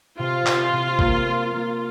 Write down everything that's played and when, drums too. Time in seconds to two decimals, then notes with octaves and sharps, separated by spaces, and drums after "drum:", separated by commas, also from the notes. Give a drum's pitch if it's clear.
0.19 C3 F4
0.46 C3, drum: clap
0.73 C3
0.99 A#3, drum: kick
1.25 A#3
1.52 A#3